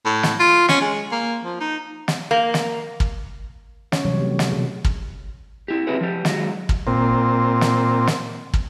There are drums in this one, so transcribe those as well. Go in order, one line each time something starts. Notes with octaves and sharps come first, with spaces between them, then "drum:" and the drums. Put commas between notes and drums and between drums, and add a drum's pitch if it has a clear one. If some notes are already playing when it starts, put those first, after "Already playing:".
A2
drum: snare
F4
C#4, drum: snare
G#3
A#3
F3
D#4
drum: snare
A#3
drum: snare
drum: kick
D3 C#4 C#5, drum: snare
C3 E3 F#3 G3 C#5
A3 G4
C3 F3, drum: snare
B2 E3 F3 F#4 G#4
drum: kick
E4 G4
C4 E4 F#4 G#4 B4 C#5
F3 G4
D#3 F#3 G#3 F#4, drum: snare
drum: kick
A#2 C4
drum: snare
drum: snare
drum: kick